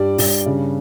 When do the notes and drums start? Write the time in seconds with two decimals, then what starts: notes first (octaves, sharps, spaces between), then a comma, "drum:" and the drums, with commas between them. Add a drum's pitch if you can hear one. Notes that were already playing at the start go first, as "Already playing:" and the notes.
Already playing: G2 G3 D5
0.18 G2, drum: open hi-hat
0.46 C#3